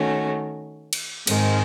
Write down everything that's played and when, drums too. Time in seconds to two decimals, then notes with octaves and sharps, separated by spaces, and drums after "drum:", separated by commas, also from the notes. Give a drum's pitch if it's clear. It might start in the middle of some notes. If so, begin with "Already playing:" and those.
Already playing: D#3 A3 C#4 F#4
0.93 drum: cymbal
1.27 G#2 D#3 G#3 C4, drum: cymbal